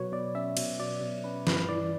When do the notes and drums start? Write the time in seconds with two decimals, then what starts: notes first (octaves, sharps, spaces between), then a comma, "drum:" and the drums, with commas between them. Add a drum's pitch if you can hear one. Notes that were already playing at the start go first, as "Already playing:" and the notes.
Already playing: B2 F#3 B4 C#5
0.12 B2 D5
0.35 C#4 E5
0.57 B2, drum: cymbal
0.79 F#3 D5
1.02 B2
1.24 C#4 B4
1.47 G2 B4, drum: snare
1.69 E3 D5